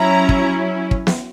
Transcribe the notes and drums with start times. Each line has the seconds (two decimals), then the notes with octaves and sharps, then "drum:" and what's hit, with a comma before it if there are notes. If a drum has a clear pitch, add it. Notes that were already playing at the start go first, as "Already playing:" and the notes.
Already playing: F#3 C#4 E4 A#5
0.29 drum: kick
0.91 drum: kick
1.07 drum: snare